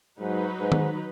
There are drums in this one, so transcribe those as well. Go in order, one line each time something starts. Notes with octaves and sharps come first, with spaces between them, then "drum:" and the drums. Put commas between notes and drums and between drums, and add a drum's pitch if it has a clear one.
G#2 F#3 D#4 B4
G#2
drum: tom D#3